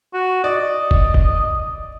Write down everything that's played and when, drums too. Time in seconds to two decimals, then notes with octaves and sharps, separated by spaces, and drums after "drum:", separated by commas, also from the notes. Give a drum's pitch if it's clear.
0.13 F#4
0.44 D5 D#5
0.91 drum: kick
1.14 drum: kick